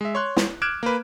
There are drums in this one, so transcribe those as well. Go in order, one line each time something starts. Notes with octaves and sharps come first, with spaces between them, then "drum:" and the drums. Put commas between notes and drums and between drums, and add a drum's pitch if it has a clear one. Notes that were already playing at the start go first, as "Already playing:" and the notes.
G#3 E5
C#5 C6 F#6
drum: snare
D6 F6 F#6 G#6 D7 E7
A#3 B4